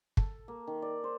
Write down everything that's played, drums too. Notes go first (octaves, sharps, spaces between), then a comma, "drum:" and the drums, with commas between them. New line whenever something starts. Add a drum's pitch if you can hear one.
A4, drum: kick
A#3
D#3
D5
C5